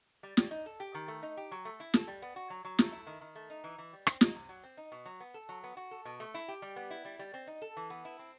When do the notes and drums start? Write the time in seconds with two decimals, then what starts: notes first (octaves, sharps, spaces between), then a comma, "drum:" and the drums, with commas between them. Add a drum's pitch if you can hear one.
0.23 G3
0.37 G3, drum: snare
0.51 D#4
0.66 A4
0.80 G4
0.94 D#3
1.08 A3
1.23 D#4
1.37 G4
1.51 F#3
1.65 A3
1.80 E4
1.94 A4, drum: snare
2.08 G3
2.22 B3
2.36 F#4
2.50 F#3
2.65 F#3
2.79 A3, drum: snare
2.93 E4
3.07 D#3
3.21 D#3
3.35 A3
3.50 D#4
3.64 E3
3.78 E3
3.93 G3
4.07 C4, drum: rim click
4.21 D#4, drum: snare
4.35 C3
4.49 F#3
4.64 C4
4.77 D#4
4.92 B2
5.06 F#3
5.20 B3
5.34 A4
5.49 F#3
5.63 B3
5.77 F#4
5.91 A4
6.05 B2
6.20 A3
6.34 E4
6.48 G4
6.62 G3
6.76 B3
6.91 E4
7.05 G3
7.19 G3
7.34 C4
7.47 D#4
7.62 A4
7.77 E3
7.90 B3
8.05 E4
8.19 C4